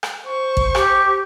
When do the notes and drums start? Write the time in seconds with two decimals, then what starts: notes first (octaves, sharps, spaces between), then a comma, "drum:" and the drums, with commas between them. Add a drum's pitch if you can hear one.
0.03 drum: rim click
0.25 C5 C#6
0.57 drum: kick
0.75 G4, drum: rim click